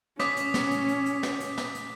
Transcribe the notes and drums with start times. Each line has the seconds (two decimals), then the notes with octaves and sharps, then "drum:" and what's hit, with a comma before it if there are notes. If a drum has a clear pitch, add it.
0.19 C#4 D6 D#6 B6, drum: snare
0.37 drum: hi-hat
0.54 drum: snare
0.71 drum: hi-hat
0.88 drum: hi-hat
1.06 drum: hi-hat
1.23 drum: snare
1.40 drum: hi-hat
1.58 drum: snare
1.75 drum: hi-hat